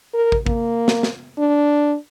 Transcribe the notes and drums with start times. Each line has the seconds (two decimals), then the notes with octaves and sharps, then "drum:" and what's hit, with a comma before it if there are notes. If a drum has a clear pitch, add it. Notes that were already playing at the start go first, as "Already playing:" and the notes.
0.14 A#4
0.32 drum: kick
0.46 A#3, drum: kick
0.88 drum: snare
1.03 drum: snare
1.38 D4